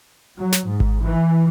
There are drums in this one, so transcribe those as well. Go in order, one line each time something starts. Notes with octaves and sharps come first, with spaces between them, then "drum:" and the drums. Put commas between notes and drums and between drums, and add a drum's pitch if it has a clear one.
F#3
drum: snare
G#2
drum: kick G#1
E3